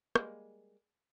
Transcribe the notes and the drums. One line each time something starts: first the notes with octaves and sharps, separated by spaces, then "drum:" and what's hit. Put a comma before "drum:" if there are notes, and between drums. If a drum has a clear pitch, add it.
G3 G#3 A#3, drum: rim click